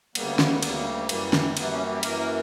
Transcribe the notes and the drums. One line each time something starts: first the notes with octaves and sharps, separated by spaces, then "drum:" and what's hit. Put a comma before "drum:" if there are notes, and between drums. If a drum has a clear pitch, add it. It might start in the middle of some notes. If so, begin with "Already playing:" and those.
D2 C#3 G3 A#3 B3, drum: cymbal
drum: snare
D2 C#3 G3 A#3, drum: cymbal
F#2 E3 G3 A#3, drum: cymbal
drum: snare
F#2 E3 G3 A#3 B3, drum: cymbal
C#4
G4
F#2 E3 A#3 A#4, drum: cymbal
A#4